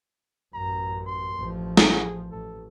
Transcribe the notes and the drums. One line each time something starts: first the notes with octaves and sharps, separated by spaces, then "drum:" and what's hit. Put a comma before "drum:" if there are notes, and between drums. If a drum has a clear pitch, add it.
A1 F#2 A#5
C6
A1 F3
G#4, drum: snare
A1 A4